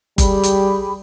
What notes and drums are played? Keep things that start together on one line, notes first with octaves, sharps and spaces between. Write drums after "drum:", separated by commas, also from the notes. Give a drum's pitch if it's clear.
G3 G4 G#4 B5, drum: kick F#1, hi-hat
drum: hi-hat